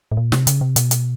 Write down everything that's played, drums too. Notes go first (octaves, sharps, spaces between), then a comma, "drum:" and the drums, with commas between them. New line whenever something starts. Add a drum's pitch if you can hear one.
A2
A#2
C3, drum: snare
C#3, drum: hi-hat
C3
B2, drum: hi-hat
drum: hi-hat